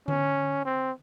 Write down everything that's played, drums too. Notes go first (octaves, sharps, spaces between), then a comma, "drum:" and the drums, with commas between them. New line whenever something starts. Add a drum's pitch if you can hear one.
C#4, drum: tom D3
C4